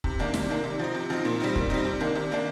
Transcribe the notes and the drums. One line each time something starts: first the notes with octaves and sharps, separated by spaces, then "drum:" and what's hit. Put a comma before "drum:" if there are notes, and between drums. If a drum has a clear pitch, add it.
C3, drum: kick
D#3 A#3 D4
C3, drum: snare
D#3 A#3 D4
C3
F3 C4 D#4
C3
F3 C4 D#4
A#2
G3 C4 D#4
A#2, drum: kick
G3 C4 D#4
C3
D#3 A#3 D4
C3
D#3 A#3 D4